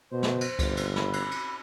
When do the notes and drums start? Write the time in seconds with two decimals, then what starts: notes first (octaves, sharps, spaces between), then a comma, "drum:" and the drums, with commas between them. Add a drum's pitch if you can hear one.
0.12 B2 C5
0.23 drum: snare
0.41 drum: cymbal
0.59 G1, drum: kick C#2, cymbal
0.77 drum: cymbal
0.96 B5, drum: snare
1.13 drum: cymbal
1.31 drum: cymbal